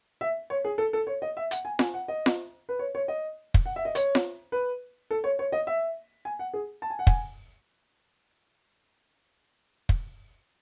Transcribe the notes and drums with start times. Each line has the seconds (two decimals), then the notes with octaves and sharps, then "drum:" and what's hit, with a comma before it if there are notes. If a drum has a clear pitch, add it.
0.21 E5
0.50 C#5
0.65 G#4
0.78 A4
0.93 A4
1.07 C#5
1.22 D#5
1.37 E5
1.51 F#5, drum: hi-hat
1.65 G#5
1.79 G#5, drum: snare F4
1.94 F#5
2.08 D#5
2.26 drum: snare F4
2.69 B4
2.79 C#5
2.95 C#5
3.08 D#5
3.54 drum: kick
3.66 F#5
3.76 E5
3.85 D#5
3.95 C#5, drum: hi-hat
4.15 drum: snare F4
4.52 B4
5.10 A4
5.24 C#5
5.39 C#5
5.52 D#5
5.67 E5
6.25 G#5
6.39 F#5
6.54 G#4
6.82 A5
6.90 G#5
6.99 F#5
7.07 G#5, drum: kick
9.89 drum: kick